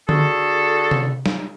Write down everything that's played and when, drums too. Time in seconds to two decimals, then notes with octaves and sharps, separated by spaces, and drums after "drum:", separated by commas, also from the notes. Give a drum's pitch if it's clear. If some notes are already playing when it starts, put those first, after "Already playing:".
0.09 D3 F#4 G#4 A4, drum: tom D3
0.91 drum: tom C3
1.26 drum: snare